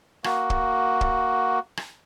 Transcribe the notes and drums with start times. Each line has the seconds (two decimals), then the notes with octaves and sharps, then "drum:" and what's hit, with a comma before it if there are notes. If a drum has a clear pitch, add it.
0.24 A#3 F#4, drum: rim click
0.50 drum: kick
1.01 drum: kick
1.77 drum: rim click